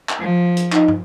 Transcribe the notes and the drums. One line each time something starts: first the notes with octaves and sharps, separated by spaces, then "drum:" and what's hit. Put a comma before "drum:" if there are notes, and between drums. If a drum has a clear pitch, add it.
drum: clap
F3
drum: hi-hat
D#4, drum: clap
drum: tom